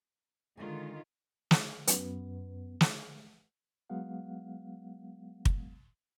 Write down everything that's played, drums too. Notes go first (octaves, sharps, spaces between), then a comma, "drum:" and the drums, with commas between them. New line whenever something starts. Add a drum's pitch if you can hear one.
D3 D#3 G#3 F4 G#5
drum: snare
F#2 B3, drum: hi-hat
drum: snare
F#3 G#3 B3 F5 F#5
drum: kick